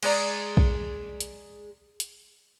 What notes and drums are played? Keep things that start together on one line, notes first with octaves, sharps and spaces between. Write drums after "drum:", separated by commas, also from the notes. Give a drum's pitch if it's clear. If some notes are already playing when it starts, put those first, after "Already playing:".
G#3 G#4 D5 A#5, drum: cymbal
drum: kick
drum: hi-hat
drum: hi-hat